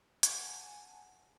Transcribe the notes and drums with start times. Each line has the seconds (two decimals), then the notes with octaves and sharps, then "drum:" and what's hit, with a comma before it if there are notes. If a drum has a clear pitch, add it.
0.23 F#5 G#5 A5, drum: hi-hat